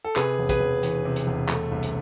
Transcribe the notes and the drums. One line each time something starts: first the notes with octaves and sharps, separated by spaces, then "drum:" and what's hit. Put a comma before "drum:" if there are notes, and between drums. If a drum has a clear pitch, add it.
A4
C3 G#4 B4, drum: clap
E1
G#4 B4, drum: kick, hi-hat
E1
E2, drum: hi-hat
C3
drum: hi-hat
E1
A3, drum: clap
C2
drum: hi-hat